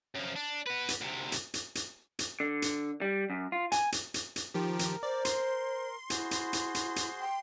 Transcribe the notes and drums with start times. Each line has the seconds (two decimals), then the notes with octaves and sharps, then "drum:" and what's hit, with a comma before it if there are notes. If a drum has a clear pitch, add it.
0.15 F#2 F3
0.36 D4
0.67 F#4 B4
0.89 drum: hi-hat
1.01 D2 C3
1.32 drum: hi-hat
1.54 drum: hi-hat
1.75 drum: hi-hat
2.19 drum: hi-hat
2.40 D3
2.62 drum: hi-hat
3.01 G3
3.30 F#2
3.52 F4
3.72 G#5, drum: hi-hat
3.92 drum: hi-hat
4.14 drum: hi-hat
4.36 drum: hi-hat
4.54 D#3 F3 G4 A#4
4.79 drum: hi-hat
5.03 C5 D5
5.25 C6, drum: hi-hat
6.10 E4 F#4 G#4 C5, drum: hi-hat
6.31 drum: hi-hat
6.53 drum: hi-hat
6.75 drum: hi-hat
6.96 drum: hi-hat
7.19 G5